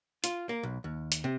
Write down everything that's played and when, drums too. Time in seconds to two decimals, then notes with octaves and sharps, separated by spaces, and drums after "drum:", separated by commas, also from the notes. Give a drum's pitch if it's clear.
0.24 F4, drum: hi-hat
0.49 A#3
0.63 B1
0.84 D#2
1.12 drum: hi-hat
1.24 C3